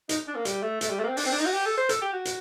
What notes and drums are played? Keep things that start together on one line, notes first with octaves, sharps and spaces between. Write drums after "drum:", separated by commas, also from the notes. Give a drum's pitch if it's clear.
D#4, drum: hi-hat
D4
A#3
G3, drum: hi-hat
A3
A3, drum: hi-hat
G3
A3
A#3
C4
D4, drum: open hi-hat
C4
D4
D#4
F#4
G4
A4
C5
A4, drum: hi-hat
G4
F#4
drum: hi-hat